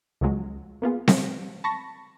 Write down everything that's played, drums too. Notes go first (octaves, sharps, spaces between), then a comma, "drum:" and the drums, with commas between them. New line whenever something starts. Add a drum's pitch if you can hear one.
C#2 C#3 F3 F#3 G#3
A#3 B3 F4 G#4
E3, drum: snare C4
A5 B5 C#6 A#6